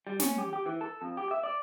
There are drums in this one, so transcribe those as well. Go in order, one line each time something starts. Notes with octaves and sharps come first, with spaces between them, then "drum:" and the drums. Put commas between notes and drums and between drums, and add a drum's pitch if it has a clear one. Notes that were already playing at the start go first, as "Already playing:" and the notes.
G3
C#4, drum: snare
G4
G4
E3
A4
F2
G4
E5
D5